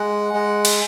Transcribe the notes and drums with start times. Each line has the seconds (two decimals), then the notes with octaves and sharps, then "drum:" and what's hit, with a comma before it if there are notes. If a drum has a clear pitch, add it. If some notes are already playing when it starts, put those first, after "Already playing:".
Already playing: G#3 F#5
0.34 G#3
0.65 drum: cymbal